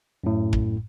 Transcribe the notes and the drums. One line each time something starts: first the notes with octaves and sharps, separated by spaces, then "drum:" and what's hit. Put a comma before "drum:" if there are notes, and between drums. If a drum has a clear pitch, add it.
F#2 A2
drum: kick